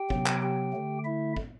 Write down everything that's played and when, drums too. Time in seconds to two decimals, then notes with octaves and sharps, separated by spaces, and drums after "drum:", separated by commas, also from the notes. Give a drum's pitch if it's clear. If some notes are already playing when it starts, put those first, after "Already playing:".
Already playing: G4 G5
0.10 C3 F#3 B3, drum: kick
0.26 drum: clap
0.42 G4 G5
0.73 D3 A3
1.05 E4 E5
1.36 drum: kick